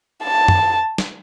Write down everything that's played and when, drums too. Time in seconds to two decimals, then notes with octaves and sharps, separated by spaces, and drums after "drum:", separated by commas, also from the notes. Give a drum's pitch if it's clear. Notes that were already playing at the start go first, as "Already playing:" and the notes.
0.24 A5
0.48 drum: tom F#2
0.98 drum: snare